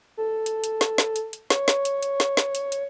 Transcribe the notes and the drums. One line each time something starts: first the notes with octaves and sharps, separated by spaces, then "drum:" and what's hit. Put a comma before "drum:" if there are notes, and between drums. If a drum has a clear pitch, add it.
A4
drum: hi-hat
drum: hi-hat
drum: snare
drum: snare
drum: hi-hat
drum: hi-hat
C#5, drum: snare
drum: snare
drum: hi-hat
drum: hi-hat
drum: snare
drum: snare
drum: hi-hat
drum: hi-hat